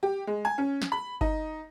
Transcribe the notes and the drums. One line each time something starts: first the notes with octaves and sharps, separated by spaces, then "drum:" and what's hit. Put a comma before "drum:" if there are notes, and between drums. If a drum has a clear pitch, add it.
G4
G#3
G#5
C#4
drum: snare
B5
D#4, drum: kick G1